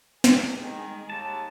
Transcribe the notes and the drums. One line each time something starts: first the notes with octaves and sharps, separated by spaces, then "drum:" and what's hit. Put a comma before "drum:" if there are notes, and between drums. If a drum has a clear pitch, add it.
C2 G#3 G#4, drum: snare
D#3
D#2 A5